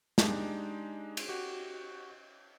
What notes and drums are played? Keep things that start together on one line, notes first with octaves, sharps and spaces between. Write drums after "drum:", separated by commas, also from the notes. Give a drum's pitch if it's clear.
G#3 D4 D#4 G4, drum: snare
drum: cymbal
F#4 G4